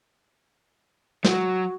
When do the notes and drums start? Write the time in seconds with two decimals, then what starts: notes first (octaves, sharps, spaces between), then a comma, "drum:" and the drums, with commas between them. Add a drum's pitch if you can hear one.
1.24 F#3 F#4, drum: snare